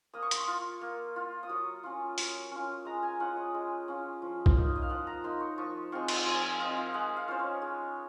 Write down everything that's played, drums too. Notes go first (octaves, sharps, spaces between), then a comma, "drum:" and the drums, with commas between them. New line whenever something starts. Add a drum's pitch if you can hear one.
A#3 D#6
C#6
C6, drum: hi-hat
C#6
F4
A#3
F4
D#6
F#3 C#6
C#4 F4
F#3, drum: open hi-hat
C#4 F4
G#3 A#5
G#5
C#4 F4 F#5
D#5
G#3
C#4 F4
F3
drum: kick B1
A#3 D#4
D#5
F5
F3 F#5
A#5
A#3 D#4 C6
C#6
F3 C#6
G#3 C4 F4 C#6
C6, drum: cymbal
F3 G#5
G#5
G#3 C4 F4 D#5
F5
G#3 F#5
F5
C#4 F4 C5
C#5
G#3